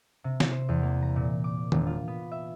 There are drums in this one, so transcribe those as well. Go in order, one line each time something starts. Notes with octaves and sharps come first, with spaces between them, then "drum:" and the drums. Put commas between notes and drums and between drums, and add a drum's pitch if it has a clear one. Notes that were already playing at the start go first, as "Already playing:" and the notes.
C3
drum: snare
C5
E2
A#3
A#5
A#2
D6
E1, drum: tom D#3
F4
B3
E5